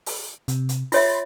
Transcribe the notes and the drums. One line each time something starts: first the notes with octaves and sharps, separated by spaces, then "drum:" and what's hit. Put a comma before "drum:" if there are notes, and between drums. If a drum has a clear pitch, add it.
drum: open hi-hat
C3, drum: hi-hat
drum: hi-hat
F4 C#5 E5 B5 C6 A6, drum: open hi-hat